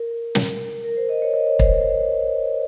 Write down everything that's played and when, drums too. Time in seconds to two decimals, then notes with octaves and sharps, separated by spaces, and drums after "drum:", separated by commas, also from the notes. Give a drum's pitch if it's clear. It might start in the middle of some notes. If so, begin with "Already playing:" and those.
Already playing: A#4
0.35 drum: snare
0.84 A#4
0.97 C5
1.09 D#5
1.22 C#5
1.34 D#5
1.47 C#5
1.59 C5, drum: kick